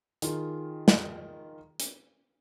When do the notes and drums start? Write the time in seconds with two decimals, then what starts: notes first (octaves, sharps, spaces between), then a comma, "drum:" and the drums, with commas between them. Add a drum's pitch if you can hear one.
0.22 D#3 F4 G#4, drum: hi-hat
0.88 drum: snare
1.80 drum: hi-hat